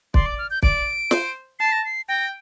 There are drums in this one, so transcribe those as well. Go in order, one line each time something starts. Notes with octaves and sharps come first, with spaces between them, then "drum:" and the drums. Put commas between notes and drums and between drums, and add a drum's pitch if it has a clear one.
D5 C6, drum: kick
D6
F6
G6
D5 D7, drum: kick
C5, drum: snare
A5 C7
A#6
C7
G5 A#6